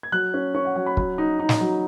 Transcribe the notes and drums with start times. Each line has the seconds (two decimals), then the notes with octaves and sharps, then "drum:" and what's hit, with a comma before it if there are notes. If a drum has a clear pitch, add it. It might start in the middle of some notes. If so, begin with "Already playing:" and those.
0.03 G#6
0.12 F#3 F#6
0.34 C#4
0.55 C#4 C#6
0.65 F#5
0.76 F#3 F#5
0.86 B5
0.97 F#3 B5, drum: kick
1.18 D#4
1.39 D#4
1.49 drum: snare
1.61 F#3